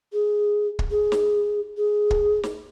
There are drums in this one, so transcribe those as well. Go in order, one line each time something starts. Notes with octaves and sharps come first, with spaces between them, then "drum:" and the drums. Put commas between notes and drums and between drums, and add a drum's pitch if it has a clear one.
G#4
drum: kick
G#4
drum: snare
G#4
drum: kick
drum: snare